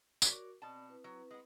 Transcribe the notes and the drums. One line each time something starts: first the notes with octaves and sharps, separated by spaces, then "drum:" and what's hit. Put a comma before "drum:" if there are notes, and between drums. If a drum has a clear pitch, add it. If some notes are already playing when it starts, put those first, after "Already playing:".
F#4 A#4 C#5 D5, drum: tambourine
B2 C4 D5 A5 B5
C4 E4 B4
F#3
G#3 B3